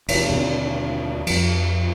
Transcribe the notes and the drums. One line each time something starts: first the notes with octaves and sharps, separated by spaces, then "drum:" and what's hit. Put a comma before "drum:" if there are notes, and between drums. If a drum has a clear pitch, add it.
E1, drum: cymbal
D#2 B2 D3 C4
F2 F3, drum: cymbal